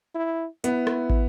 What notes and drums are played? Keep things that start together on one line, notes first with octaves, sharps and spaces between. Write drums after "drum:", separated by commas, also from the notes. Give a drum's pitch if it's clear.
E4
B3 E4, drum: hi-hat
drum: rim click
drum: kick